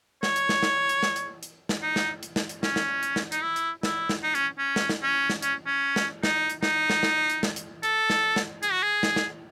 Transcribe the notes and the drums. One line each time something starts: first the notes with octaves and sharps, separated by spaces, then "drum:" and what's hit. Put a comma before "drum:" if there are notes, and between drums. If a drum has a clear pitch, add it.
C#5, drum: snare
drum: hi-hat
drum: snare
drum: snare
drum: hi-hat
drum: snare
drum: hi-hat
drum: hi-hat
drum: snare
D#4
drum: snare
drum: hi-hat
drum: snare
drum: hi-hat
C#4, drum: snare
drum: snare
drum: hi-hat
drum: snare
D#4, drum: hi-hat
E4
drum: hi-hat
E4, drum: snare
drum: snare
D#4
C#4, drum: hi-hat
C#4
drum: snare
drum: snare
C#4
drum: snare
C#4, drum: hi-hat
C#4
drum: snare
D#4, drum: snare
drum: hi-hat
D#4, drum: snare
drum: snare
drum: snare
drum: hi-hat
drum: snare
drum: hi-hat
A4, drum: hi-hat
drum: snare
drum: snare
G#4, drum: hi-hat
F#4
G#4
drum: snare
drum: snare